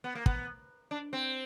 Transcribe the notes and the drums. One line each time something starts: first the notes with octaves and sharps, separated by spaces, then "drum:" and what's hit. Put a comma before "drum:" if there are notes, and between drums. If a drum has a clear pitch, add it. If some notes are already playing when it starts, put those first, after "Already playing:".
B3
A#3
B3, drum: kick
D4
C4